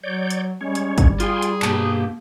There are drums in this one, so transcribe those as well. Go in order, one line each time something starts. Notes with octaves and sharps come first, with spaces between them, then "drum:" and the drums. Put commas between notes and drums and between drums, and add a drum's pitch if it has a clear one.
F#3 C#5 D5 G6
drum: hi-hat
G3 G#3 C#4 C#5
drum: hi-hat
drum: kick, hi-hat
F4 G#4 G5 G#5 C6, drum: hi-hat
drum: hi-hat
G2 B2 A#3 G4 A5, drum: clap